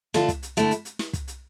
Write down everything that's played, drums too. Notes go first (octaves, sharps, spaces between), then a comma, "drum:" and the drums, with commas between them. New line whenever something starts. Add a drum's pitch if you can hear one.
D3 A3 D4 F4, drum: snare
drum: kick, hi-hat
drum: hi-hat
D3 A3 E4, drum: hi-hat
drum: hi-hat
drum: hi-hat
drum: snare
drum: kick, hi-hat
drum: hi-hat